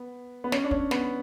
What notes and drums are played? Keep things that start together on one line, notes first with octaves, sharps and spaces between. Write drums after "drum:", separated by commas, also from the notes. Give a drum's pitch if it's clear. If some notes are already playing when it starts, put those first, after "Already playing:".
Already playing: B3
B3
C#4, drum: snare
D4
C#4, drum: kick
B3, drum: snare